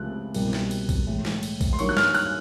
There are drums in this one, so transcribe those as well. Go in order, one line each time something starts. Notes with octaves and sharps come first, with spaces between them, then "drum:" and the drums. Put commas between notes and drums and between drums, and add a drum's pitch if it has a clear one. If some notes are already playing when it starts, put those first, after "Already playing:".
Already playing: C#2 C3 F3 A3 F#6
C2 B2 G3 A#3, drum: cymbal
drum: snare
drum: cymbal
drum: kick A#1, cymbal
A2 E3 G#3
drum: snare
drum: cymbal
drum: kick A#1, cymbal
C6
G2 D#3 F#3 A#3 C#6, drum: cymbal
F#6
F6, drum: snare
F#6, drum: cymbal